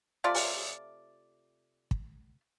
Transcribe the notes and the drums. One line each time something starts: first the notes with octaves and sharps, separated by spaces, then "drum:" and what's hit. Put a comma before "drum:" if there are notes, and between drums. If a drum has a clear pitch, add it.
C3 A3 F4 D5
drum: open hi-hat
drum: kick